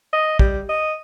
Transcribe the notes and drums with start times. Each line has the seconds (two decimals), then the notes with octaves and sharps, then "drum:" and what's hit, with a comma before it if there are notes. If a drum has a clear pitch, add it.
0.13 D#5
0.39 G3, drum: kick
0.69 D#5